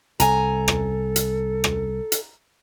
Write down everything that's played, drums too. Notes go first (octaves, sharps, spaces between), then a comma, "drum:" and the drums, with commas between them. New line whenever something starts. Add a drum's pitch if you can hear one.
C2 A4 G#5 A#5, drum: hi-hat
drum: rim click
drum: hi-hat
drum: rim click
drum: hi-hat